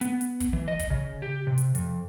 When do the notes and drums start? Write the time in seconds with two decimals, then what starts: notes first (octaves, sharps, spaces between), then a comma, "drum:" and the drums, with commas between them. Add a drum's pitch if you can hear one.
0.01 B3, drum: hi-hat
0.21 drum: hi-hat
0.40 drum: kick, hi-hat
0.53 E3
0.68 D#5
0.79 drum: kick, hi-hat
0.90 C#3
1.22 G4
1.47 C3
1.58 drum: hi-hat
1.75 F2, drum: hi-hat